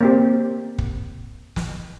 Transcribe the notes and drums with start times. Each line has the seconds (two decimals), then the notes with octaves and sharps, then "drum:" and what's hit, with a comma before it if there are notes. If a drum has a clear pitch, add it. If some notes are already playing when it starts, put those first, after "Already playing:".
0.01 A#3 C4 G4
0.78 drum: kick
1.56 drum: snare